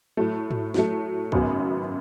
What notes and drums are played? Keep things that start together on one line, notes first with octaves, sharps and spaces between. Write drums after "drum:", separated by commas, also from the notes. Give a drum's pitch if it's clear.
A2 F#3 A3
drum: tom G#2
A2 F#3 A3, drum: snare
G#1 F#2 C#3 F#3 B3, drum: kick C2